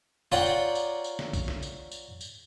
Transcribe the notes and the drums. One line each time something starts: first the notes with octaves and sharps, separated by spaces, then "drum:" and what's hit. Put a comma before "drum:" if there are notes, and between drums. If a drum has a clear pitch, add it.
F4 C#5 D5 F#5 G5 A#5, drum: snare
drum: tambourine
drum: tambourine
drum: tambourine
drum: snare
drum: kick B1, tambourine
drum: snare
drum: tambourine
drum: tambourine
drum: tambourine